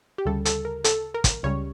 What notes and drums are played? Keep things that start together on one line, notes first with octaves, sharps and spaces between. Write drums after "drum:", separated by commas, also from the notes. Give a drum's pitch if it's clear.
G4
D2 C#3 G3 A4
A4, drum: hi-hat
A#4
A4, drum: hi-hat
A#4
drum: kick, hi-hat
C#2 C#3 G3 C#4 C#5